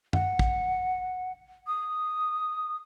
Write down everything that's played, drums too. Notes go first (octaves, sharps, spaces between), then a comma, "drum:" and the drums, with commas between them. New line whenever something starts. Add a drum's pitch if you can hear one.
F#5, drum: tom F#2
drum: kick
D#6